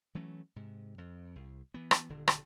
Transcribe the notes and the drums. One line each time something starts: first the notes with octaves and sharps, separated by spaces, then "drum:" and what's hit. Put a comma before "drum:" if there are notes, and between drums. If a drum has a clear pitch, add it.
E3 F#3 A3 C#4
G#2 C3
F2
C2
E3 B3
drum: rim click
D#1 D3
drum: rim click